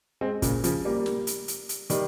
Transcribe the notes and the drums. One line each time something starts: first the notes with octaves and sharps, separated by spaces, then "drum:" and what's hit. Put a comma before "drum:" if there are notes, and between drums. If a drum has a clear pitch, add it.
G#3 C4
A#2 C#3, drum: kick, hi-hat
C#3 F3, drum: hi-hat
G3 A#3
drum: snare
drum: hi-hat
drum: hi-hat
drum: hi-hat
D#3 G3, drum: hi-hat